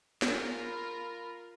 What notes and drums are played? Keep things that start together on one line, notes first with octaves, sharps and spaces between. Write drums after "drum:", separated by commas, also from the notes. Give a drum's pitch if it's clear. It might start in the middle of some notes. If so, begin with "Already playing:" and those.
F4 G#4 A#4, drum: snare
B5